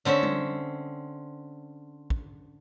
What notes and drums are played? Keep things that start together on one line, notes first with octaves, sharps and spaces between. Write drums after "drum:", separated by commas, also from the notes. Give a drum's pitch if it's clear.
D3 C4 C#4 E5
drum: tom G3
drum: kick